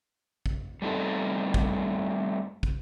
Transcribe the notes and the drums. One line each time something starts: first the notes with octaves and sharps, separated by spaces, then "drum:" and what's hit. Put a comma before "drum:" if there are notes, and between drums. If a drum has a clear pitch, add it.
drum: kick
G3 A3 C4 D#4 A4
drum: kick
drum: kick